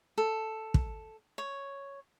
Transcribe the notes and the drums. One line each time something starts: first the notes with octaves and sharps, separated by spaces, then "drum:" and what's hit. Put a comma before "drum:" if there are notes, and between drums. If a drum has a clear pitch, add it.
A4
drum: kick
C#5